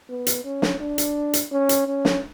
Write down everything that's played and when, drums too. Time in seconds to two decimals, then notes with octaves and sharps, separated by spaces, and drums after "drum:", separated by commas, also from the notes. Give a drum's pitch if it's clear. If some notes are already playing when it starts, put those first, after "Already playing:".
0.09 B3
0.27 drum: hi-hat
0.44 C#4
0.62 drum: snare
0.80 D4
0.98 drum: hi-hat
1.33 drum: hi-hat
1.52 C#4
1.69 drum: hi-hat
1.87 C#4
2.05 drum: snare